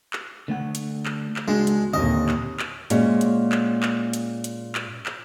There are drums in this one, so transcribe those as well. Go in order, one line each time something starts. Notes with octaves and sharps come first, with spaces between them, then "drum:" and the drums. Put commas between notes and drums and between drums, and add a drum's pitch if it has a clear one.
drum: clap
D3 A3 F#5
drum: hi-hat
drum: clap
drum: clap
C#2 G#3 D4 F#4
drum: hi-hat
D#2 A#2 D3 G3 C4 D#5
drum: clap
drum: clap
A#2 G#3 C#4 F#4, drum: hi-hat
drum: hi-hat
drum: clap
drum: clap
drum: hi-hat
drum: hi-hat
drum: clap
drum: clap